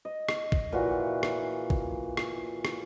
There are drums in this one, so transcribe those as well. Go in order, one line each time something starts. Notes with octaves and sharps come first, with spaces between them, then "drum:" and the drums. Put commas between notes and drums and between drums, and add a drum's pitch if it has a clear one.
D#5
drum: rim click
drum: kick
A#2 E3 F3 F#4
drum: rim click
drum: kick
drum: rim click
drum: rim click